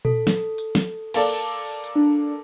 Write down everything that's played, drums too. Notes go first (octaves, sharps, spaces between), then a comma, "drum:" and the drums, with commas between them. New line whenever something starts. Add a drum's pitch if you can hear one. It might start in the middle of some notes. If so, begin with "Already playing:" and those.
A4, drum: tom A#2
drum: snare
drum: hi-hat
drum: snare
A#3 A4 D5 A5, drum: cymbal
drum: open hi-hat
drum: hi-hat
D4